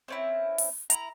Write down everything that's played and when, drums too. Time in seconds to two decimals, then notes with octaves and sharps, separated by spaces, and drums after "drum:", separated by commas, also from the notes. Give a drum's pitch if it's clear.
0.08 C4 C#4 E4
0.58 drum: open hi-hat
0.90 E4 A#5, drum: hi-hat